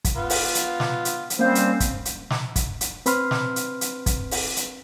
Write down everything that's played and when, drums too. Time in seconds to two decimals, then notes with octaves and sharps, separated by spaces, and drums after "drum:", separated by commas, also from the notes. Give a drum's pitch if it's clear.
0.05 drum: kick, hi-hat
0.16 B3 F4
0.30 drum: open hi-hat
0.55 drum: hi-hat
0.80 drum: snare
1.05 drum: hi-hat
1.30 drum: hi-hat
1.39 G3 A#3 C4 C#4 C5 F5
1.55 drum: hi-hat
1.80 drum: kick, hi-hat
2.05 drum: hi-hat
2.30 drum: snare
2.56 drum: kick, hi-hat
2.81 drum: hi-hat
3.06 C4 B4 B5 C6 F6, drum: hi-hat
3.31 drum: snare
3.56 drum: hi-hat
3.81 drum: hi-hat
4.06 drum: kick, hi-hat
4.31 drum: open hi-hat
4.56 drum: hi-hat